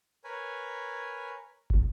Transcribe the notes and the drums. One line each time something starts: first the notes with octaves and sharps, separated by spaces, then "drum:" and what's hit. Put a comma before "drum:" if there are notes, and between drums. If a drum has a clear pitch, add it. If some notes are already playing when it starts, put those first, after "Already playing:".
A#4 B4 C#5 G#5
drum: kick